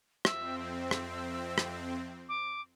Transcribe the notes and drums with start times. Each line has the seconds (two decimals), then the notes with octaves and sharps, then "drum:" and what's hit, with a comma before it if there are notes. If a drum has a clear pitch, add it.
0.25 F2 C4 E5, drum: rim click
0.58 E5
0.91 drum: rim click
1.58 drum: rim click
2.29 D6